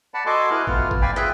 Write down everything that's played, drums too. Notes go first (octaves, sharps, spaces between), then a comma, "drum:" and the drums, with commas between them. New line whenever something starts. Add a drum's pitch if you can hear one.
D5 F#5 A5 B5
F#4 A4 D#5 G#5 C6 D6
E4 B4 F6 F#6
A3 B3 F4 F6, drum: kick G#1
drum: kick G#1
D5 F5 G5 G#5 B5
G#4 B4 E5 G5 B5, drum: snare